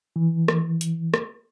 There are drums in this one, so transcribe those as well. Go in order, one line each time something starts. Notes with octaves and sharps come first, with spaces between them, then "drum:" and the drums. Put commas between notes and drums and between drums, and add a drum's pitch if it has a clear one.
E3
drum: rim click
drum: hi-hat
drum: rim click